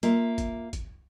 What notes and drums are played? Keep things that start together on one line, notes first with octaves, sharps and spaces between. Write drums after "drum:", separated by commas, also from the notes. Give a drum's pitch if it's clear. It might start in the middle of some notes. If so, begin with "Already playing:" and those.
A#3 F4 E5, drum: hi-hat
drum: kick, hi-hat
drum: kick, hi-hat